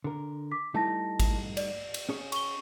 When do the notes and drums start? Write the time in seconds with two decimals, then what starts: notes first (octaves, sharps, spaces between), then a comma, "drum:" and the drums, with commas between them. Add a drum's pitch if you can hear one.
0.04 D3 A#4
0.51 D6 B6
0.75 G3 A3 D#4 E4 A5 A#6
1.20 drum: kick G#1, cymbal
1.57 D5, drum: cymbal
1.94 drum: cymbal
2.09 C#4 G#4 C#5
2.32 C#6 G7, drum: cymbal